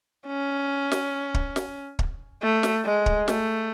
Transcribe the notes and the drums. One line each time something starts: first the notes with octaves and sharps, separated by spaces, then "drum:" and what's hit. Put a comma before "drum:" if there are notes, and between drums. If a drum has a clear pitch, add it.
C#4
drum: snare
drum: kick
drum: snare
drum: kick
A3
drum: snare
G#3
drum: kick
A3, drum: snare